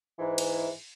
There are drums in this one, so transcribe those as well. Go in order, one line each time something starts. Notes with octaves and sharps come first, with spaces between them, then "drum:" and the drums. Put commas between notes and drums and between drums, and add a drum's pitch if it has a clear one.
G#2 E3
drum: cymbal